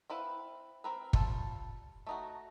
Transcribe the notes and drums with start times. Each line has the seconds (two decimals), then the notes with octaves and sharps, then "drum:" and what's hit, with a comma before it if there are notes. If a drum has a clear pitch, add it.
0.10 C4 E4 B4 F5 F#5
0.84 C4 A#4 B4
1.13 G3 F4 A4 A5, drum: kick
2.07 A3 D#4 F#4